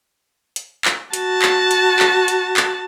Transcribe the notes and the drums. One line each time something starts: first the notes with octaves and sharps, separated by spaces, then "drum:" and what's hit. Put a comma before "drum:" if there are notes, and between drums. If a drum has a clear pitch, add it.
drum: hi-hat
drum: clap
F#4 A5, drum: hi-hat
drum: clap
drum: hi-hat
drum: clap
drum: hi-hat
drum: clap